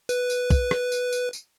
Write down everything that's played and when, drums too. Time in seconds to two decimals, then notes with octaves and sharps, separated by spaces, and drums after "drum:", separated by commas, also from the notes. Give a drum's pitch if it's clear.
0.09 B4, drum: tambourine
0.30 drum: tambourine
0.50 drum: kick, tambourine
0.71 drum: rim click
0.92 drum: tambourine
1.12 drum: tambourine
1.33 drum: tambourine